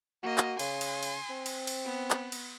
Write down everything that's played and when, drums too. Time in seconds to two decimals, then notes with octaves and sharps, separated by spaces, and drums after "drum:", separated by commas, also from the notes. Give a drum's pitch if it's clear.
0.23 A#3 F#4 D#5
0.38 drum: clap
0.59 C#3 G#5 C6, drum: cymbal
0.81 drum: cymbal
1.03 drum: cymbal
1.30 C4
1.46 drum: cymbal
1.67 drum: cymbal
1.85 B3
2.11 drum: clap
2.32 drum: cymbal